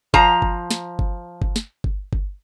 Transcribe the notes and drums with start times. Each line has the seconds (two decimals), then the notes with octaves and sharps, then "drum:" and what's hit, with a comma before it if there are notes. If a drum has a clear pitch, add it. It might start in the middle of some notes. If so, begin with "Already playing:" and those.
0.14 F3 A#5, drum: kick G1
0.42 drum: kick G1
0.71 drum: snare
0.99 drum: kick G1
1.42 drum: kick G1
1.56 drum: snare
1.84 drum: kick G1
2.13 drum: kick G1